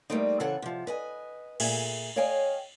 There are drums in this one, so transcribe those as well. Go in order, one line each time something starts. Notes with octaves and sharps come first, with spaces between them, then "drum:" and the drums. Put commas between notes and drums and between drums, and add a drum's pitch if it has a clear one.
G3 A3 A#3 C4 D#4
C#3 E3 C4 A4 F#5 G#5
C3 F3
B4 D#5 G#5
A#2 G#4 E5 G#5, drum: cymbal
C#5 D#5 F5 G5 G#5